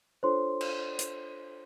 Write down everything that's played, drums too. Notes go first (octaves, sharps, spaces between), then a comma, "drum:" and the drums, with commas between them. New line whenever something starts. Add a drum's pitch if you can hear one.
D4 F4 A4 C5 C#5 C6
drum: cymbal
drum: hi-hat